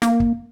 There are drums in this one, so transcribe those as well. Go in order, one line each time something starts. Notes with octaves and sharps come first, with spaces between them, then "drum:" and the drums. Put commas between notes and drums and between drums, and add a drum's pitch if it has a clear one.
A#3, drum: snare
drum: kick